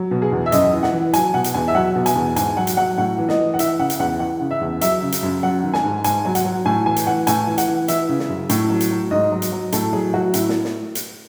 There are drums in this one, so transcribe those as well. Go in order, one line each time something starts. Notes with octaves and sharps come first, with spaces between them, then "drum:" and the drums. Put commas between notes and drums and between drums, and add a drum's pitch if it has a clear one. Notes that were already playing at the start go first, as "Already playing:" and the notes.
Already playing: F#3
B2
G#4
E2
E5
F#2 D#5, drum: hi-hat
E3
F#5, drum: snare
E3
F#3 G#5, drum: hi-hat
B2 F#5
drum: hi-hat
E2 G#5
E5
F#3 F#5
B2
G#5, drum: hi-hat
E2
G#2 G#5, drum: hi-hat
F#3 F#5
drum: hi-hat
F#3 F#5
A2 F#5
E3
D#5, drum: snare
E3
F#5
E3 E5, drum: hi-hat
C#3 F#5
drum: hi-hat
E2 F#5
E3 F#5
C#3
E5
E2
F#3 E5, drum: hi-hat
C#3
drum: hi-hat
F#2
F#3 F#5
D#3
G#5, drum: snare
G#2
G#2 G#5, drum: hi-hat
F#3
F#5, drum: hi-hat
F#3
A2 G#5
E3 G#5
drum: hi-hat
E3 F#5
A2 G#5, drum: hi-hat
E3
F#5, drum: hi-hat
E3
E3 E5, drum: hi-hat
C#3
drum: snare
F#2
A2, drum: hi-hat
F#3
drum: hi-hat
F#3
G#2 D#5
F#3
drum: hi-hat
F#3
A2 A4, drum: hi-hat
F#3 G#4
F#3 F#4
A2 E4, drum: hi-hat
drum: snare
drum: snare
drum: hi-hat